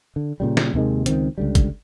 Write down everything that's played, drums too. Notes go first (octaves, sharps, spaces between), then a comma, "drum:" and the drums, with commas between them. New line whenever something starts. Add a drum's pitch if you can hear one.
D3
A#2 C#3 G3
drum: snare
D#2 C3 D#3 G#3
C#2 D#3 C4, drum: hi-hat
C#2 D3 G3
drum: kick, hi-hat